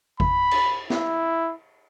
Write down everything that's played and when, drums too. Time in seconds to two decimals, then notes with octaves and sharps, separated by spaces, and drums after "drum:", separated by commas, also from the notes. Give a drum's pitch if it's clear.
0.20 B5, drum: kick
0.51 drum: cymbal
0.90 E4, drum: snare